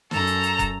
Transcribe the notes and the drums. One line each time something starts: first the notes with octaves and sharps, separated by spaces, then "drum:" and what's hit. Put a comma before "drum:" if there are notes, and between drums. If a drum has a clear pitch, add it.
F#2 A4 A#5, drum: snare
drum: hi-hat
drum: hi-hat
drum: kick, hi-hat